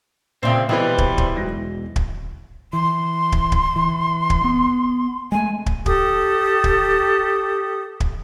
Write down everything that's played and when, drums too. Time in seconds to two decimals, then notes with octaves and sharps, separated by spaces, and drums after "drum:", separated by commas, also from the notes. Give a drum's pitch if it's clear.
0.43 A#2 C#3 C4 D5 E5 C6
0.69 B2 E3 G3 E4 B4 C5
0.98 drum: kick
1.18 drum: kick
1.37 E1 B1 A#6
1.96 drum: kick
2.73 E3 C6
3.32 drum: kick
3.52 drum: kick
3.76 E3
4.30 drum: kick
4.44 B3
5.32 G#3 A3 G#5
5.66 drum: kick
5.86 G4 A4 D#6, drum: kick
6.64 drum: kick
8.00 drum: kick